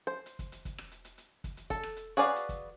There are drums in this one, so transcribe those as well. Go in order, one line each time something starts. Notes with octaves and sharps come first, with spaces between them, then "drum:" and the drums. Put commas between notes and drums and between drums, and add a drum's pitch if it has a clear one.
C5
drum: hi-hat
drum: kick, hi-hat
drum: hi-hat
drum: kick, hi-hat
drum: rim click
drum: hi-hat
drum: hi-hat
drum: hi-hat
drum: kick, hi-hat
drum: hi-hat
A4, drum: kick, hi-hat
drum: rim click
drum: hi-hat
F#4 G#4 B4 D5 F5
drum: hi-hat
drum: kick, hi-hat